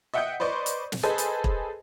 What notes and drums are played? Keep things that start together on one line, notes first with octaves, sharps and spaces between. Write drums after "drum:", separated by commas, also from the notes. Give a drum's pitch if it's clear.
D#5 E5 F#5 G5 D#6 G6
B4 C5 D5 D#5 C6 C#6
drum: hi-hat
drum: snare
G#4 A4 B4 C5 D#5 G#5
drum: hi-hat
drum: kick E1